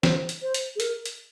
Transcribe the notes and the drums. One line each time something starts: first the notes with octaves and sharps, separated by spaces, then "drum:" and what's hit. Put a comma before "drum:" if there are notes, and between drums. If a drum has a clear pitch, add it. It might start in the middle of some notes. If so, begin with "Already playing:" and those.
C5, drum: snare
drum: hi-hat
C5
drum: hi-hat
G#4
A#4, drum: hi-hat
drum: hi-hat